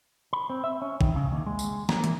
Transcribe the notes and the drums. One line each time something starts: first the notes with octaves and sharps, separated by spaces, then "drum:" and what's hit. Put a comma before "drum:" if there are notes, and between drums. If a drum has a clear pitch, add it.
B5
C4
E5
C#4
D#3, drum: kick
C#3
D#2
G#3
drum: tambourine
A#3, drum: snare
E3, drum: hi-hat